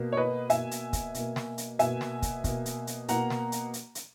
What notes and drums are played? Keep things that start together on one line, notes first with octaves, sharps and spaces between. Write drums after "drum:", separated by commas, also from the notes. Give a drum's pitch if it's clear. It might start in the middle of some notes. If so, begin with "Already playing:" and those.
Already playing: B2 A#3
C#5
B4 D#5
B2 A#3 E5 G#5, drum: hi-hat
drum: hi-hat
drum: kick, hi-hat
B2 A#3, drum: hi-hat
drum: snare
drum: hi-hat
B2 A#3 E5 G#5, drum: hi-hat
drum: snare
drum: kick, hi-hat
B2 A#3, drum: kick, hi-hat
drum: hi-hat
drum: hi-hat
B2 A#3 F#5 A#5, drum: hi-hat
drum: snare
drum: hi-hat
drum: hi-hat
drum: hi-hat